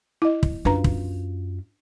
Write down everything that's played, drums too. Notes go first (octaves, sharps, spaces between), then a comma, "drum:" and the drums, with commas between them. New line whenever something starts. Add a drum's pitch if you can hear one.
E4 D#5
drum: kick
F#2 D4 F4 B4 A#5
drum: kick